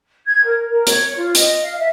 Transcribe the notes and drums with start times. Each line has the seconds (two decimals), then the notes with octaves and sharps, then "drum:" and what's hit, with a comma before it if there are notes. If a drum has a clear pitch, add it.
0.26 G#6
0.45 A#4
0.70 A#4
0.87 C#5, drum: hi-hat
1.16 F4
1.35 D#5, drum: hi-hat
1.62 F5
1.78 E5